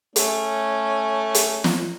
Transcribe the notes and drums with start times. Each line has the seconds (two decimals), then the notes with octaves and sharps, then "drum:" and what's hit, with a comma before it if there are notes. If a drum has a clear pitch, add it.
0.16 A3 C#4, drum: hi-hat
1.34 drum: hi-hat
1.64 drum: snare